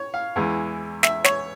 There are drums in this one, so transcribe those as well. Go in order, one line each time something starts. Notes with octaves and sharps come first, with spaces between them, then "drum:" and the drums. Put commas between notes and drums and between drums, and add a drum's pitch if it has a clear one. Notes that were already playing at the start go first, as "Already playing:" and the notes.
Already playing: C#5
F5
E2 E3 G#3
E5, drum: snare
C#5, drum: snare